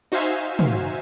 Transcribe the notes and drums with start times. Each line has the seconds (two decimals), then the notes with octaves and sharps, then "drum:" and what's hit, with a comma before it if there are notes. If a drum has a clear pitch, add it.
0.12 D#4 F#4 C5 E5 F5 G#5
0.59 drum: tom